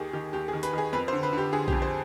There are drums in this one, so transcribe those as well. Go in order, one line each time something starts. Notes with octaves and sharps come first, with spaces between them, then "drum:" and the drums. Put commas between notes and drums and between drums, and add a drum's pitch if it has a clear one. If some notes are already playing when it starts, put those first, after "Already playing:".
Already playing: D#2 D#3 G4 G#4
D#3 G4
D#2 G4
G#4
D#3
B4, drum: hi-hat
D#3 G#4
F2 B4
C5
D3
B4
D3 G4
D3 G#4
G4, drum: kick B1
F2
C5